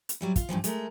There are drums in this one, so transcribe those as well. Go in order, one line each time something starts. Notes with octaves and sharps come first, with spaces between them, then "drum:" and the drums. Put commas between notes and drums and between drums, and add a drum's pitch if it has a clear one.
drum: hi-hat
F#3 G3 E4
F4, drum: kick, hi-hat
G2 A#2 E3 F3
G#3 A3 A#4, drum: hi-hat